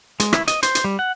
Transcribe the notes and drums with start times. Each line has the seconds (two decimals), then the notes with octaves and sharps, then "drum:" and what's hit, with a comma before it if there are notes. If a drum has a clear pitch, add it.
0.20 G#3, drum: hi-hat
0.33 E4, drum: rim click
0.48 D#5, drum: hi-hat
0.63 C5, drum: hi-hat
0.75 drum: hi-hat
0.84 G3
0.99 F#5